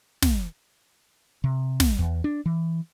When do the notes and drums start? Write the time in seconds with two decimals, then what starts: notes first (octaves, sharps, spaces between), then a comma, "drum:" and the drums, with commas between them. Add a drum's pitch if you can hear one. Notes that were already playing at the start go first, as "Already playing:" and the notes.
0.22 drum: snare
1.44 C3
1.80 drum: snare
1.99 E2
2.24 D4
2.46 E3